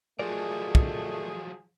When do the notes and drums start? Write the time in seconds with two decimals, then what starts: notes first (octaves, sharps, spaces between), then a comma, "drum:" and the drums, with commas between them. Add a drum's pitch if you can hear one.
0.19 F3 F#3 A3 G#4 A#4 D5 D#5
0.75 drum: kick